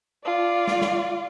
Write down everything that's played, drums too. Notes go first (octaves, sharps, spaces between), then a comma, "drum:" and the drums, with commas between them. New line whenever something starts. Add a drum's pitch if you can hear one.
F4 D5
drum: snare
drum: snare